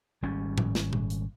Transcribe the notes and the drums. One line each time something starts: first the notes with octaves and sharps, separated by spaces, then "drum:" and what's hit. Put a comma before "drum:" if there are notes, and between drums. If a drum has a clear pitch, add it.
G#1 G3 C#4
drum: tom A2
drum: snare
drum: tom A#2
drum: hi-hat